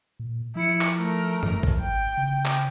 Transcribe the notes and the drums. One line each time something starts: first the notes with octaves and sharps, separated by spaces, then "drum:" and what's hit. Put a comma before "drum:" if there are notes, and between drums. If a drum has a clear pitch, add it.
A#2
F3 E4 C#7
drum: clap
A3 A#4
drum: tom F#2
drum: kick B1
G#1 G5
C#3
drum: clap